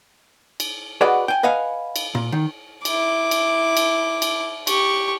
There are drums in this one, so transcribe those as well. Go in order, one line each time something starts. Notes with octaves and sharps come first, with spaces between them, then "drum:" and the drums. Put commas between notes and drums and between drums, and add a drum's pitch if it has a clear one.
drum: cymbal
F#4 G#4 B4 D5 D#5 F#5
G5 G#5
B4 D#5 F5 F#5 G#5
drum: cymbal
A#2
D#3
E4 D6, drum: cymbal
drum: cymbal
drum: cymbal
drum: cymbal
G4 C#6, drum: cymbal